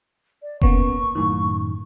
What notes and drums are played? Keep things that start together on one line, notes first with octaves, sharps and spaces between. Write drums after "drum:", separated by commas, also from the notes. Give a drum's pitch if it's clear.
D5
A#3 B3 C#4 C#6, drum: kick F1
F#2 A2 D#3